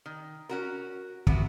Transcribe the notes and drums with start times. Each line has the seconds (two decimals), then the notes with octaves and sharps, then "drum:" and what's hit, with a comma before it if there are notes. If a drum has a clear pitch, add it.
0.06 D#3
0.49 C#4 F#4 A#4
1.27 C3 B3 F#4, drum: kick